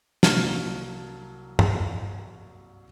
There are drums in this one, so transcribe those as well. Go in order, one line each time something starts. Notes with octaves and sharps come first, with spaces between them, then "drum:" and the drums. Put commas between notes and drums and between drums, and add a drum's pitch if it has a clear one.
C2 F#3 A#3 A5 F6, drum: snare
drum: tom